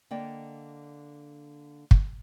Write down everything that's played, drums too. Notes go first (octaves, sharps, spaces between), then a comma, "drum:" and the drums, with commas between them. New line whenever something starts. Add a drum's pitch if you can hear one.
D3 A#3 D5 D#5 G5
drum: kick